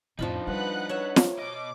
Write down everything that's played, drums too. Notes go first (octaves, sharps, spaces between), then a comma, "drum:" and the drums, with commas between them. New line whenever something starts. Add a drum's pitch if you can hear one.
F2 A2 F3 D4 D#4 F4 B5
G3 B4 F#5 F#6
C#5 E5
drum: snare
B2 D#5 D6